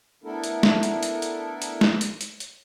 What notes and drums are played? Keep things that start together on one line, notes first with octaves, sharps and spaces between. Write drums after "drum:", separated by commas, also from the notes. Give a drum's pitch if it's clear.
A3 B3 D4 E4 A4 A#4
drum: hi-hat
drum: snare
drum: hi-hat
drum: hi-hat
drum: hi-hat
drum: hi-hat
drum: snare
drum: hi-hat
drum: hi-hat
drum: hi-hat